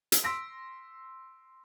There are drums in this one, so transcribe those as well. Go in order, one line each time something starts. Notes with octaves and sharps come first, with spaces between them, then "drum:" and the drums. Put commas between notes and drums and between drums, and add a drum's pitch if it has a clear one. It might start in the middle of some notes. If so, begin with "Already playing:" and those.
drum: hi-hat
C6 E6 A#6 B6 D7